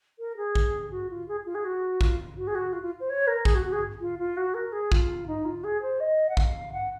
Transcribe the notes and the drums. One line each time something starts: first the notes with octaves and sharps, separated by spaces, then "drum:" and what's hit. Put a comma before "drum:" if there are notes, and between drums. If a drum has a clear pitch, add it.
A#4
G#4
drum: kick A#1
F#4
F4
G#4
F4
G#4
F#4
F4, drum: kick A#1
F#4
G#4
F#4
F4
F4
C5
C#5
A#4
G#4, drum: kick A#1
F#4
F#4
G#4
F4
F4
F#4
A#4
G#4
F4, drum: kick A#1
D#4
F4
G#4
C5
D#5
F#5
F5, drum: kick A#1
F#5